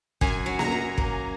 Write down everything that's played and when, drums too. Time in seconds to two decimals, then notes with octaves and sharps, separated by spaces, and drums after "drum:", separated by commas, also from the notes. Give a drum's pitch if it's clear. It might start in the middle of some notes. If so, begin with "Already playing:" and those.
0.21 F#2 G#5, drum: kick
0.46 F#3
0.59 A#5, drum: snare A#3
0.72 F#2
0.98 A#3, drum: kick